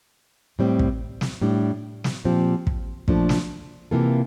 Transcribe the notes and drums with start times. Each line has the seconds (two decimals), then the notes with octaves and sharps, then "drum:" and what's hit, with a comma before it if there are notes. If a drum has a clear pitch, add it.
0.59 A2 G3 C4
0.79 drum: kick
1.21 drum: snare
1.41 A2 G3 D4
2.04 drum: snare
2.24 A#2 F3 C4 G4
2.67 drum: kick
3.08 A#2 F3 A3 D4 A4, drum: kick
3.29 drum: snare
3.91 C3 E3 A#3 F4 A4